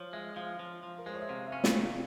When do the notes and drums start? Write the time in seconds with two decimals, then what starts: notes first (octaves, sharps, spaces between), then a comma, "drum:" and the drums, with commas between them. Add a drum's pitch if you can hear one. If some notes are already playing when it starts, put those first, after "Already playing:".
Already playing: F3 C#5
0.13 G#3 E5
0.36 F3 F5
0.59 F3
0.83 F3
0.98 A#4
1.06 G#3 C5
1.14 C#5
1.21 E5
1.29 C3 F5
1.46 E5
1.52 C#4 F5
1.64 drum: snare
1.76 C3 F5